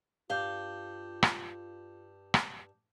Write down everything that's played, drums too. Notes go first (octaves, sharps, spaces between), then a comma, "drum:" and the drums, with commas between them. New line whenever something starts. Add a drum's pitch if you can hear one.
G2 F4 F5 D6 G6 G7
drum: rim click
drum: rim click